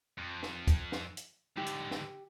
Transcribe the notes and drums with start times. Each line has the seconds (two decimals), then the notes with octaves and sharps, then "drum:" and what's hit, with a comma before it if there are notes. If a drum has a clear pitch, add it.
0.18 F2
0.43 drum: snare
0.67 drum: kick, hi-hat
0.92 drum: snare
1.17 drum: hi-hat
1.57 G#2 D3 G4
1.66 drum: hi-hat
1.91 drum: snare